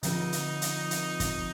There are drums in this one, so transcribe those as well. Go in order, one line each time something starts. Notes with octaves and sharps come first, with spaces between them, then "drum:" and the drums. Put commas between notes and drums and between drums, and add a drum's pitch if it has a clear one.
D3 F3 C4 D#4 F4, drum: hi-hat
drum: hi-hat
drum: hi-hat
drum: hi-hat
drum: kick, hi-hat